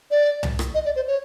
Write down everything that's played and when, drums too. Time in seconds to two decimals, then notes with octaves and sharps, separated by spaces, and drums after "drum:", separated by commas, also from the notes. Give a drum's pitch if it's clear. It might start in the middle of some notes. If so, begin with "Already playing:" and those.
0.11 D5
0.43 drum: tom C2
0.59 drum: rim click
0.74 D#5
0.85 D5
0.96 C5
1.07 C#5